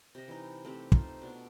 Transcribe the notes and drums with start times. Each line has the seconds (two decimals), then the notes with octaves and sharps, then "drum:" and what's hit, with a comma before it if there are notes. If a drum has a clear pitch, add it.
0.15 C3 D#5
0.28 E3 D#4
0.65 A3 C4 G4
0.92 D#4 F4 C5, drum: kick
1.22 B2 D4